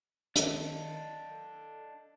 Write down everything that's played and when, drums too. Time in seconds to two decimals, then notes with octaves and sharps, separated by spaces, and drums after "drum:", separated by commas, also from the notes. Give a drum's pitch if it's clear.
0.36 D#3 D4 D#5 F5, drum: hi-hat
1.29 A4